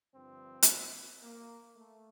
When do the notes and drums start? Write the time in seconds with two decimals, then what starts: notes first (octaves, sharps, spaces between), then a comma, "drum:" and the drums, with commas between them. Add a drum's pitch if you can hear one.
0.13 G2 D3 F3 C4
0.62 drum: hi-hat
1.22 A#3
1.77 A3